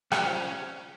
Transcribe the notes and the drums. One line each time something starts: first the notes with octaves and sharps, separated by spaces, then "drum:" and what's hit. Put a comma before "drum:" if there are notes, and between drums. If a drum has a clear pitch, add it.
G3 C#4, drum: rim click
F3